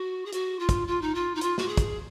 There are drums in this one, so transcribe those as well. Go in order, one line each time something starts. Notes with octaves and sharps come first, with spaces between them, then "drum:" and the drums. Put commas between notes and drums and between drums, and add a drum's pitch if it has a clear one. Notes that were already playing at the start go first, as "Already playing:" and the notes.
Already playing: F#4
G#4
F#4, drum: hi-hat
F4
drum: kick, hi-hat
F4
D#4
F4
D#4
F4, drum: hi-hat
F#4, drum: snare
G#4
drum: kick, hi-hat